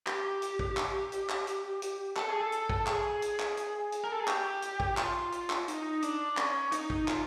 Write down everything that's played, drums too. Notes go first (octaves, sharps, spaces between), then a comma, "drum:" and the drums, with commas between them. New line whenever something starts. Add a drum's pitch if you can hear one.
G4, drum: clap
drum: hi-hat
drum: kick
drum: clap
drum: hi-hat
drum: clap
drum: hi-hat
drum: hi-hat
A4, drum: clap
G#4
A4
drum: hi-hat
drum: kick
G#4, drum: clap
drum: hi-hat
drum: clap
drum: hi-hat
drum: hi-hat
A#4
A4
G#4
G4, drum: clap
drum: hi-hat
drum: kick
F4, drum: clap
drum: hi-hat
drum: clap
D#4, drum: hi-hat
D4, drum: hi-hat
C#4, drum: clap
D#4, drum: hi-hat
drum: kick
F4, drum: clap